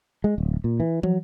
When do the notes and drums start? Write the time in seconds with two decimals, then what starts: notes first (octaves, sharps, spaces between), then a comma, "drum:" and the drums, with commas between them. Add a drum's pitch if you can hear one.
0.24 G#3
0.38 D1
0.64 A#2
0.80 E3
1.03 F#3, drum: tom